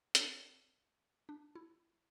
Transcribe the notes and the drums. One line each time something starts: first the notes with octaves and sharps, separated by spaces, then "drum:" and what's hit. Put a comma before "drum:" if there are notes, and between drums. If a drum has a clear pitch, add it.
C4, drum: hi-hat
D4
D4
E4